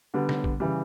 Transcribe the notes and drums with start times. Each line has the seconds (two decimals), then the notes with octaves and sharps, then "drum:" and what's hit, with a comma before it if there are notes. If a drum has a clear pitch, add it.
0.14 D3 G3 B3
0.29 drum: snare
0.44 drum: kick
0.60 C#3 E3 G3